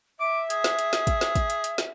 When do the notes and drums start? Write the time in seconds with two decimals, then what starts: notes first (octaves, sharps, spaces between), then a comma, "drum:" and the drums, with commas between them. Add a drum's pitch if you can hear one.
0.20 E5 D6
0.50 G#4, drum: hi-hat
0.64 drum: snare
0.79 drum: hi-hat
0.93 drum: snare
1.07 drum: kick, hi-hat
1.21 drum: snare
1.36 drum: kick, hi-hat
1.50 drum: hi-hat
1.64 drum: hi-hat
1.78 drum: snare